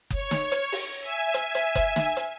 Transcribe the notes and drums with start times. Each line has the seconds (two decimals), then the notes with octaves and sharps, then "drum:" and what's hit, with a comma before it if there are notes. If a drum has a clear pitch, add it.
0.10 C#5, drum: kick F#1
0.31 drum: snare
0.52 drum: hi-hat
0.72 drum: open hi-hat
1.00 E5 G#5
1.34 drum: hi-hat
1.55 drum: hi-hat
1.75 drum: kick F#1, hi-hat
1.96 drum: snare
2.17 drum: hi-hat